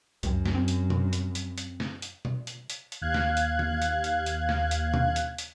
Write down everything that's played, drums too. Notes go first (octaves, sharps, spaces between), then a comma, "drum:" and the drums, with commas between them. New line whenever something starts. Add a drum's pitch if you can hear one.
C#2 F#2, drum: hi-hat
drum: snare
C4
drum: hi-hat
drum: tom
drum: hi-hat
drum: hi-hat
drum: hi-hat
drum: snare
drum: hi-hat
drum: tom B2
drum: hi-hat
drum: hi-hat
drum: hi-hat
D#2 F5 F#6 G#6
drum: snare
drum: hi-hat
drum: tom
drum: hi-hat
drum: hi-hat
drum: hi-hat
drum: snare
drum: hi-hat
drum: tom
drum: hi-hat
drum: hi-hat